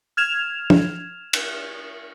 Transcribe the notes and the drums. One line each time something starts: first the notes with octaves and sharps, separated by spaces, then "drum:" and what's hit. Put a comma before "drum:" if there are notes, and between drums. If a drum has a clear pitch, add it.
F6 G#6 E7 F7
drum: tom
drum: cymbal